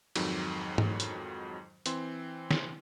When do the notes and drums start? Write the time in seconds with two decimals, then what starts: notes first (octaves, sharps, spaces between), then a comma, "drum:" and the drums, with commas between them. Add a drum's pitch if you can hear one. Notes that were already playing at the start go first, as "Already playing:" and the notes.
0.16 F2 G#2 D#3 F#3, drum: cymbal
0.78 drum: tom G#2
1.00 drum: hi-hat
1.86 E3 C4 C6, drum: hi-hat
2.51 drum: snare